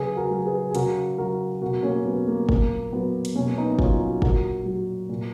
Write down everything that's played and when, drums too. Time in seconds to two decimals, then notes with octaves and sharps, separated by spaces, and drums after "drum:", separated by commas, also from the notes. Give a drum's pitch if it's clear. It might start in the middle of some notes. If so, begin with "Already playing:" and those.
Already playing: C#3 F#3 G#4 B4
0.16 F#4 A#4
0.31 F#3
0.45 G#4 B4
0.71 G#4
0.75 C#3 F#4 A#4, drum: hi-hat
1.18 F#3 F#4 A#4
1.62 B2 F#4 A#4
1.83 A#3 C#4
2.05 F#3 B3
2.27 A#3
2.49 A#2 A#3, drum: kick
2.93 F#3 B3
3.25 drum: hi-hat
3.35 B2 A#3 C#4
3.57 B3 D#4
3.70 D#4
3.79 F#3 C#4 F4, drum: kick
4.00 D#4 F#4
4.22 A#2 F#4 A#4, drum: kick
4.66 F#3
5.09 A#2